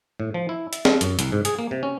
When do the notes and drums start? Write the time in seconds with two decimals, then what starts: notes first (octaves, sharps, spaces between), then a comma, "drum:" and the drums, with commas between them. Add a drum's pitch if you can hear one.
0.20 A2
0.34 F3
0.49 E4
0.73 E5, drum: hi-hat
0.85 F5, drum: snare
1.01 F#2, drum: hi-hat
1.19 C2, drum: hi-hat
1.32 G#2
1.45 G#4, drum: hi-hat
1.59 A#3
1.71 C3
1.83 C#4